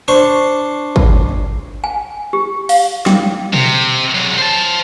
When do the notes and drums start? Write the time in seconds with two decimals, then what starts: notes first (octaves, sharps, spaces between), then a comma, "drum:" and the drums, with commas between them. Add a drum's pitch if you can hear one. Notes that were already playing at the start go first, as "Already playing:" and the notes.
0.08 D4 C5 C#6
0.96 drum: kick
1.84 G#5
2.33 G4
2.69 F5, drum: open hi-hat
3.06 G5, drum: snare
3.53 C3, drum: tom B2
4.15 F#3 G#3
4.38 C5 A5